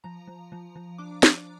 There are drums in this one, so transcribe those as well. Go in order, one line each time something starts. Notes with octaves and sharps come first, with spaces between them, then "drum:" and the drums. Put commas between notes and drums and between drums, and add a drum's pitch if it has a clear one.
F3 A#5
F3
F3
F3
D4 D6
D4, drum: snare